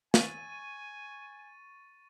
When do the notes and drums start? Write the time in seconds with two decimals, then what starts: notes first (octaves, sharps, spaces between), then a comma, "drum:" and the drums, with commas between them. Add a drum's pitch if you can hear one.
0.14 G#5 C#6 A6 D#7, drum: snare